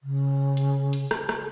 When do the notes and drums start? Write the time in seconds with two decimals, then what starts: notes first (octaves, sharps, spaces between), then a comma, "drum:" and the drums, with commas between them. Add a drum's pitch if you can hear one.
0.03 C#3
0.57 drum: hi-hat
0.93 drum: hi-hat
1.11 drum: rim click
1.29 drum: rim click